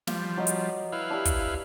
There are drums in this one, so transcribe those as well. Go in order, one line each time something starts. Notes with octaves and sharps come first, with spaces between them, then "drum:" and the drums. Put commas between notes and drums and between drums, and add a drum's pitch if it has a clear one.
F3 G3 F5, drum: snare
F#3 A#4 D#5
drum: hi-hat
E4 B4 F5
G3 D4
drum: kick, hi-hat